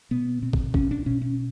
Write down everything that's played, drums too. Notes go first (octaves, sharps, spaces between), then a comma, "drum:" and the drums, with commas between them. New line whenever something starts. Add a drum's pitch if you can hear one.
B2 B3
B2 C4
drum: kick
B2 C#4, drum: kick
D4
B2 C#4
C#4